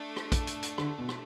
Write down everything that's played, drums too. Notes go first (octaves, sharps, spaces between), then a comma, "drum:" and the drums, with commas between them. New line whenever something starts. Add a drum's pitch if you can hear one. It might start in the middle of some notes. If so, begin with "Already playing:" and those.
Already playing: A3 D4 A4
drum: rim click
drum: kick, hi-hat
drum: hi-hat
drum: hi-hat
D3, drum: rim click
B2
drum: rim click